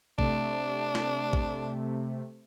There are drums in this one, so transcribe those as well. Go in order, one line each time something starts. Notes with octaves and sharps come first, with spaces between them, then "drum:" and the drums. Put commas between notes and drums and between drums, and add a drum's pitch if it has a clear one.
C3 A3 D4, drum: kick
drum: snare
drum: kick